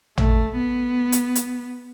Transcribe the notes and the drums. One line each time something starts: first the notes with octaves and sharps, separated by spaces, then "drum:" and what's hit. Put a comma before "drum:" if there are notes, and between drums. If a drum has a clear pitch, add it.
A3, drum: tom
B3
drum: hi-hat
drum: hi-hat